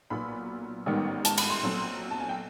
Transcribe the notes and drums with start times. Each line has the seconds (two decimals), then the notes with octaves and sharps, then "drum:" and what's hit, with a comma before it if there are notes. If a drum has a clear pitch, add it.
0.10 B1 A#2 F#3 B3 B5
0.86 A1 G#2 D#3 G3 B3
1.25 A5, drum: hi-hat
1.38 B5, drum: cymbal
1.50 C6
1.63 B1 A#2 F#3 A3 C4
2.11 A5
2.20 G#5
2.29 G5